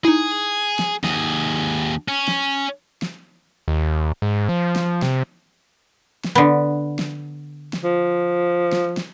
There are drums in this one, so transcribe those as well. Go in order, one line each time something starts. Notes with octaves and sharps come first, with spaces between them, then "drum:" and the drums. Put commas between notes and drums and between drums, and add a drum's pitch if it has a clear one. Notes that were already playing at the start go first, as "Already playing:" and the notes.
D#4 E4 G#4
drum: snare
D#2 G#4, drum: snare
C#4
drum: snare
drum: snare
D#2
G#2
F3
drum: snare
C3, drum: snare
drum: snare
D3 B3
drum: snare
drum: snare
F3
drum: snare
drum: snare